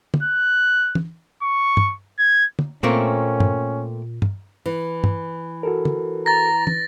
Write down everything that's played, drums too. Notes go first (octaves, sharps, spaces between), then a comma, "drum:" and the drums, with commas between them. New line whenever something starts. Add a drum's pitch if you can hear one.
drum: tom
F#6
drum: tom
C#6
drum: tom
G#6
drum: tom
A#2 A3 A#3 C4 C#4
drum: tom
drum: tom
E3
drum: tom
F#4 A4 A#4
drum: tom
A#5 A6 A#6
drum: tom